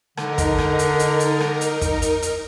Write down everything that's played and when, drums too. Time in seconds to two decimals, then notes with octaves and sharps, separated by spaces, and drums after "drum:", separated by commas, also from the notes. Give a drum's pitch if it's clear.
0.17 D3 D#4 A#4, drum: rim click
0.38 drum: kick, hi-hat
0.58 drum: rim click
0.79 drum: hi-hat
0.99 drum: hi-hat
1.20 drum: hi-hat
1.40 drum: rim click
1.61 drum: hi-hat
1.81 drum: kick, hi-hat
2.02 drum: hi-hat
2.22 drum: hi-hat